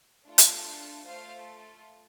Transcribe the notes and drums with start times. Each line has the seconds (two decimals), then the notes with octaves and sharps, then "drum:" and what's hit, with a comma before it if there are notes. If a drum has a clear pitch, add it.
0.26 A3 D4 F4 A4
0.38 drum: hi-hat
1.06 A3 F4 A4 C5 F5